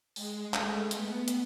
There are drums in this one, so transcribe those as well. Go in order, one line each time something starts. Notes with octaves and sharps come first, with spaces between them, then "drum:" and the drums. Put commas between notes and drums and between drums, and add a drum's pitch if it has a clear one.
G#3, drum: open hi-hat
A3, drum: clap
B3, drum: hi-hat
drum: hi-hat